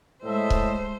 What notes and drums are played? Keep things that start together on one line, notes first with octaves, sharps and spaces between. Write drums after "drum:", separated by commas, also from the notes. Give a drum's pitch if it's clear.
A2 G#3 A4 C5 D#5 E5
drum: kick C#1